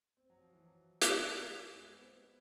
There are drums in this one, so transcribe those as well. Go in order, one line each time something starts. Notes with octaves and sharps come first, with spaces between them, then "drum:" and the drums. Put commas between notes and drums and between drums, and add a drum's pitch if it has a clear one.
C4
F#3
F3
E3
F#3
drum: hi-hat
G#3
B3
C4
B3